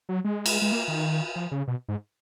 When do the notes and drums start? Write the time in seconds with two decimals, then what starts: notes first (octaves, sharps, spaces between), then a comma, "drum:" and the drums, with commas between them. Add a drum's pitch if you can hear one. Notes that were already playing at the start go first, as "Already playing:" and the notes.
0.09 F#3
0.24 G#3
0.46 drum: cymbal
0.62 G#3
0.72 A#3
0.88 D#3
1.36 F3
1.51 C#3
1.68 B2
1.88 G#2